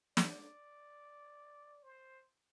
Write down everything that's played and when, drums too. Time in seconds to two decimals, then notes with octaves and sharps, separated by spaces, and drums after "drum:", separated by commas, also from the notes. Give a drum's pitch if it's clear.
0.17 D5, drum: snare
1.83 C5